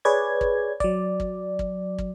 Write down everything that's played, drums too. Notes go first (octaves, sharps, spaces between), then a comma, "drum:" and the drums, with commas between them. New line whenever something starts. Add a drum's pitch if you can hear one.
G#4 B4 C#5 D5 G#6
drum: kick
F#3 D5, drum: kick
drum: kick
drum: kick
drum: kick